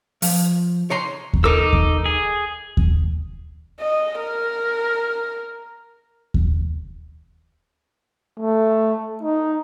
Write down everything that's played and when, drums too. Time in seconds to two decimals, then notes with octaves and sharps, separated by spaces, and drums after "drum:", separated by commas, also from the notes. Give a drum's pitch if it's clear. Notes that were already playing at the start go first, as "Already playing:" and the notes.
0.22 F3, drum: open hi-hat
0.90 C#5 A#5 C6
1.33 drum: kick D#2
1.44 D#4 A4 A#4 D6 E6
1.73 drum: kick D#2
2.06 G#4
2.77 drum: kick D#2
3.81 D#5
4.20 A#4
6.34 drum: kick D#2
8.40 A3
9.23 D#4